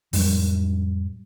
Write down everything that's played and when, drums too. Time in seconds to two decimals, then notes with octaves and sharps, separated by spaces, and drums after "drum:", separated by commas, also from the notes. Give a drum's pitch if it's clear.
0.13 F2 A2 F#3 G3, drum: open hi-hat